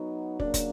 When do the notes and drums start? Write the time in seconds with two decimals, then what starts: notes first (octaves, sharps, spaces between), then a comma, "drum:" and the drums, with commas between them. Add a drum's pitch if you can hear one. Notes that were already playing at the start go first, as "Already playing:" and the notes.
Already playing: F#3 B3 D#4 F#4
0.40 C#3 F#3 A#3 D4, drum: kick
0.54 drum: kick, hi-hat